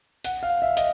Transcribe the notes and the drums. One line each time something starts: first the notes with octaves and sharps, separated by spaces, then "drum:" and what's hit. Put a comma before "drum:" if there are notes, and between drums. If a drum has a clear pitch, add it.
F#5, drum: hi-hat
F5
E5
D#5, drum: hi-hat